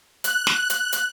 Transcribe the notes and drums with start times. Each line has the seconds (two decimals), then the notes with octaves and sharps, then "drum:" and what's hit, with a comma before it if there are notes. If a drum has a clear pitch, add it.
0.24 F#6, drum: hi-hat
0.47 drum: snare
0.70 drum: hi-hat
0.92 drum: hi-hat